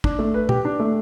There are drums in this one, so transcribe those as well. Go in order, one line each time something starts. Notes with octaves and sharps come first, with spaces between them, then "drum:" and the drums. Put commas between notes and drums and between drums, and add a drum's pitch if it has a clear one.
D4, drum: kick
A3
B4
G4, drum: tom A#2
D4
A3